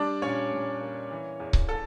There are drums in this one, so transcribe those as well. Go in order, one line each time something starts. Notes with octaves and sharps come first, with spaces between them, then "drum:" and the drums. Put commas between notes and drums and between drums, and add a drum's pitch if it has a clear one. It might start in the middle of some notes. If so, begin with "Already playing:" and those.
Already playing: G3 D4 D5
A#2 C#4 C#5
A#2
A#3
E3
E2
drum: kick C#1
A4